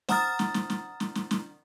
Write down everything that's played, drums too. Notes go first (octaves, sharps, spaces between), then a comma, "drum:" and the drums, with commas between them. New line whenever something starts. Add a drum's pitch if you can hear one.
C5 F#5 A#5 D#6 F6 A6, drum: snare
drum: snare
drum: snare
drum: snare
drum: snare
drum: snare
drum: snare